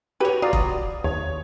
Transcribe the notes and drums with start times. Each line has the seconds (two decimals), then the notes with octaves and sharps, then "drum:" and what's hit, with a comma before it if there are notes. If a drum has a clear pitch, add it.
0.20 F#4 G4 B4 C#5 G5 D#7 F7
0.42 F4 F#4 D5 A#5 D#6
0.53 drum: kick E1
1.04 D#2 C#5